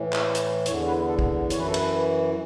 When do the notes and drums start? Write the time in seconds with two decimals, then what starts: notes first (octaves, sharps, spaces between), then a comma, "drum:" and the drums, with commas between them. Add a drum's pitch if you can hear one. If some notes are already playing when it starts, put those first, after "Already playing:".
Already playing: A2 E3
0.13 drum: clap
0.35 drum: hi-hat
0.66 E2 D3 C#5, drum: hi-hat
0.87 B4
1.08 A4
1.19 drum: kick
1.50 F#2 E3 C#5, drum: hi-hat
1.58 B4
1.67 A4
1.74 B4, drum: cymbal